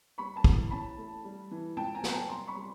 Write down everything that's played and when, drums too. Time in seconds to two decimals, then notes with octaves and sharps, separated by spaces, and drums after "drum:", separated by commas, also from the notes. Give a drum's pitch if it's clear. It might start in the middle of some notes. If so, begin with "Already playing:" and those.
0.18 G3 B5 C#6
0.36 A5 B5
0.44 E3, drum: kick
0.71 C#4 A5 B5
0.98 A3
1.24 G3
1.51 E3
1.77 C#2 G5 A5
1.95 G#5 A#5
2.04 F#3, drum: snare
2.12 G#5 A#5
2.29 C2 A#5 C6
2.47 B5 C#6
2.56 G3